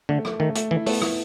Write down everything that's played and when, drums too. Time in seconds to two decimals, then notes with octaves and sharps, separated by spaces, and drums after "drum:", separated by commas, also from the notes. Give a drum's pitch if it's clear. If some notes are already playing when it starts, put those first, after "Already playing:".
0.09 D3 A3
0.25 A3, drum: rim click
0.39 D#3 A3
0.55 A3, drum: hi-hat
0.71 E3 E4
0.86 A3 B3, drum: open hi-hat
1.02 E4, drum: rim click